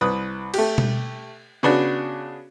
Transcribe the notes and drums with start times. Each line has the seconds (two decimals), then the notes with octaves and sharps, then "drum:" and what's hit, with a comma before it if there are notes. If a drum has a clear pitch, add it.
0.01 C2 B4 D#6
0.54 A3 G4, drum: cymbal
0.78 drum: tom B2
1.63 C#3 B3 D4 F#4